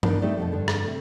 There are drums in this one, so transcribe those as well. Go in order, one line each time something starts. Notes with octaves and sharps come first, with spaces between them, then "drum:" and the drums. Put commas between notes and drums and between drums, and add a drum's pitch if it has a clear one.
B3 D4 D#4 A#4, drum: tom
G3 A3 C4 D#4 G4 A4
F2 B2 A4
G2 D3
drum: rim click
C3 A3